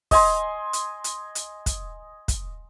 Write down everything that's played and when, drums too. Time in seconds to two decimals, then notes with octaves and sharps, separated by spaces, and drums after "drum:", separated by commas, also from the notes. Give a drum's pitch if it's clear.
0.11 D#5 G#5 C6, drum: kick, open hi-hat
0.73 drum: hi-hat
1.04 drum: hi-hat
1.35 drum: hi-hat
1.66 drum: kick, hi-hat
2.28 drum: kick, hi-hat